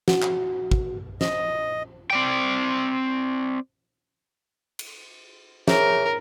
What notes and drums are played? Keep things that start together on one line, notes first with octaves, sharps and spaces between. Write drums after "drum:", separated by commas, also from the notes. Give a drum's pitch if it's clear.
F#4, drum: snare
drum: clap
drum: kick
D#5, drum: snare
C4 D5 G5
drum: cymbal
G#4 A#4 C#5 E5, drum: snare